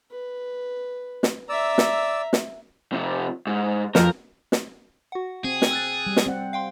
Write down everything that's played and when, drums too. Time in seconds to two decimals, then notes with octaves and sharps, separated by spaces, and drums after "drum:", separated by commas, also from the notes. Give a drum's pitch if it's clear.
0.11 B4
1.23 drum: snare
1.49 D5 E5 A#5 E6
1.78 drum: snare
2.33 drum: snare
2.93 C3 F3
3.47 G#2
3.95 F2 F3 A#4, drum: snare
4.52 drum: snare
5.12 F#4 F#5
5.44 C4 G#4
5.62 drum: snare
5.71 E6 F#6 A6
6.07 G3
6.17 drum: snare
6.26 C4 F#5
6.53 F5 G5 C6